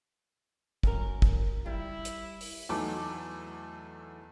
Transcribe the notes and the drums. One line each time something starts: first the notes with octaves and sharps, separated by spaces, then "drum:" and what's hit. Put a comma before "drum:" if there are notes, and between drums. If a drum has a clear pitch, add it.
F#2 A#4, drum: kick
drum: kick
G3 E4
drum: hi-hat
drum: open hi-hat
E2 F#3 A3 D#4 A5 D6